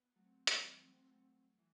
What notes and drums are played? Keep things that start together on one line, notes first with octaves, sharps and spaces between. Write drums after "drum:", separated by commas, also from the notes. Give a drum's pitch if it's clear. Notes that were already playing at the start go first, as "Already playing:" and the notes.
Already playing: B3
F#3 A3 C4
E3 G3, drum: hi-hat
F#3 A3
F#3 A3
E3